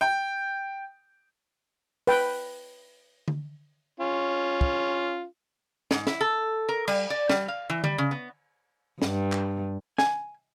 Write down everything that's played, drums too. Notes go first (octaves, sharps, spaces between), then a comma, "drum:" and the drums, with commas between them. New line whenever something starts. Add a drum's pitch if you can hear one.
G5
B4 G5, drum: open hi-hat
drum: tom D3
C#4 F4
drum: kick
G#2, drum: snare
E4, drum: snare
A4
A#4
G3, drum: cymbal
D5
G3, drum: snare
F5
E3
G3, drum: tom D3
C#3
B3
G2, drum: snare
drum: clap
G#5, drum: snare